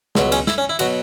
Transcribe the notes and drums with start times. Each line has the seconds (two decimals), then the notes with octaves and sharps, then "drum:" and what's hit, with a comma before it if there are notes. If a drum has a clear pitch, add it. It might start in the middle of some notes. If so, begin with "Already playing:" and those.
0.15 C#2 B2 F#3, drum: snare
0.32 C#4, drum: cymbal
0.47 E4, drum: snare
0.58 C#4
0.69 E4
0.79 B2 F#3 F#4, drum: cymbal